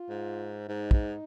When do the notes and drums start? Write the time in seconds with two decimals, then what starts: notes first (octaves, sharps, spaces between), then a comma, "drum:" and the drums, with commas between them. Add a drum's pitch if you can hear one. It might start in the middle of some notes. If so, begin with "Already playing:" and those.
Already playing: F4
0.09 G#2
0.69 G#2 D#4
0.91 drum: kick